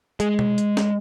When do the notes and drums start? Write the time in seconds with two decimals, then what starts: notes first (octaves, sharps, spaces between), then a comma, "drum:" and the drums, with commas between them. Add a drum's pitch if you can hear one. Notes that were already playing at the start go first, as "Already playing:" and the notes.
0.20 G#3, drum: hi-hat
0.39 drum: tom B2
0.58 drum: hi-hat
0.77 drum: snare